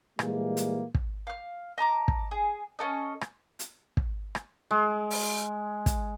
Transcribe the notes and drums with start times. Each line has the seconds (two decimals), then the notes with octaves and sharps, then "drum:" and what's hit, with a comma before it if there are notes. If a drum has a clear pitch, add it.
0.19 A#2 E3 G3 G#3 A#3, drum: rim click
0.57 drum: hi-hat
0.94 drum: kick
1.27 F5 F6
1.78 D#5 A5 A#5 D6
2.08 drum: kick
2.31 G#4
2.79 C#4 E4 A4 D#5
3.21 drum: rim click
3.59 drum: hi-hat
3.97 drum: kick
4.35 drum: rim click
4.71 G#3
5.10 drum: open hi-hat
5.86 drum: kick, hi-hat